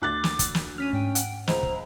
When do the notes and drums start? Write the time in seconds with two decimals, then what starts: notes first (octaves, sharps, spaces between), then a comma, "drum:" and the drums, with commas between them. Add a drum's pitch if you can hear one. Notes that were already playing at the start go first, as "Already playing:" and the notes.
0.02 D2 D6 F#6 A6
0.24 drum: snare
0.39 drum: kick, hi-hat
0.55 drum: snare
0.78 C#4 C#5 F6 B6 D#7
0.93 G#2 G5
1.15 F#5, drum: hi-hat
1.47 C#2 C5 A#5, drum: snare
1.63 drum: kick